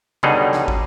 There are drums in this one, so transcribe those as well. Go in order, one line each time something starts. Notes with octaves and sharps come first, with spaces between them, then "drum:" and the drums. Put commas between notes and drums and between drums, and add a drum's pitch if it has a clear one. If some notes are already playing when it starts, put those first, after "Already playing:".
B2 D3 F#3 G3 D#4 G#4, drum: tom C3
drum: snare
drum: kick